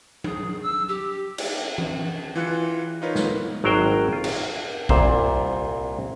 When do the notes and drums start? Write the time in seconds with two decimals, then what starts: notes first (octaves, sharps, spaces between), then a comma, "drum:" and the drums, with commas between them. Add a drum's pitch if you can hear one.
0.24 G#4, drum: tom F#3
0.63 E6
0.88 G4
1.38 drum: cymbal
1.78 drum: tom E3
2.36 E3 F4 F#6 C#7
3.02 D#4 F4 A#4 B4 C#5
3.15 drum: snare
3.64 G#1 F#3 A#4 C5 G5
4.13 F4
4.24 drum: cymbal
4.89 C2 A#2 C5 F5, drum: kick A#1